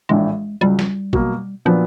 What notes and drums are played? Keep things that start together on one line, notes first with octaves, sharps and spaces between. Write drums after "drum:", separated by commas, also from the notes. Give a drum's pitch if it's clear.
A#1 A2 E3 G#3 A3 D4
C#2 C#3 F#3 G3
drum: snare
B2 F#3 A#3, drum: kick
A#2 F3 F#3 B3 D4